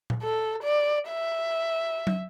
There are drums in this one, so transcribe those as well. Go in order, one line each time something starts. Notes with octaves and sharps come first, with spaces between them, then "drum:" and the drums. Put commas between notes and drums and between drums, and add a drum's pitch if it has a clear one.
drum: tom A#2
A4
D5
E5
drum: tom